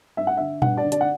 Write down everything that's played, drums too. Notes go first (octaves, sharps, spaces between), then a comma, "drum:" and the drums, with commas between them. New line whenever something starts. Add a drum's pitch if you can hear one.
G2 E5
F#5
D3 E5
G2 F#5, drum: tom A#2
D5
D3
D5, drum: hi-hat
F#5